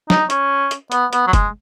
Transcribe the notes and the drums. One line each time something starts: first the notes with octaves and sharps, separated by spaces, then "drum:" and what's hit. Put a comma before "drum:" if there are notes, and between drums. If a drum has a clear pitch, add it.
D#4, drum: snare
C#4, drum: hi-hat
drum: hi-hat
B3, drum: hi-hat
B3, drum: hi-hat
F#3
G#3, drum: kick F#1, hi-hat